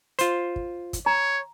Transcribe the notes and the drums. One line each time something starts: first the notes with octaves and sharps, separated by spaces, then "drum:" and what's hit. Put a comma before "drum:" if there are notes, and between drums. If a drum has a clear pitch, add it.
F4 C5, drum: hi-hat
drum: kick
drum: kick, hi-hat
C#5 A#5